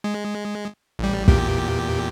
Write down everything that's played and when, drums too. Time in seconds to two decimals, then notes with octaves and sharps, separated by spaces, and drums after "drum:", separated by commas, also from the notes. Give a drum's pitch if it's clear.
0.04 G#3
0.99 A1 G3
1.28 E2 A#2 G4, drum: kick